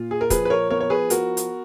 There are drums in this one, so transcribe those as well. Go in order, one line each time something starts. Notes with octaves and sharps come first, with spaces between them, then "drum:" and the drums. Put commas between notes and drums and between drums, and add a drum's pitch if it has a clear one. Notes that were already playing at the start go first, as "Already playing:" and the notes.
Already playing: A#2 F4
G#4
A#4
F3 G#4 B4, drum: kick, hi-hat
B4
A#4 C#5
B3 A#4 C#5
C#5
G#4 B4
F3 F#4 A#4, drum: hi-hat
drum: hi-hat